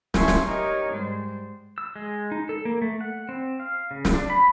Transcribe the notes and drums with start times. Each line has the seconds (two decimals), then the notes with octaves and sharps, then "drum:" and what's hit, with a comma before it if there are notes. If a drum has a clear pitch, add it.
0.14 C#4 D4 E5 G#5 C6 C#6, drum: snare
0.28 drum: snare
0.45 D#4 G4 A#4 C#5
0.92 G#2 G3 C5
1.78 E6
1.96 G#3
2.32 D#4
2.49 A4
2.65 A#3
2.82 A3
3.01 F#5
3.29 C4
3.60 F5
3.91 C#3
4.05 drum: snare
4.14 D4
4.30 B5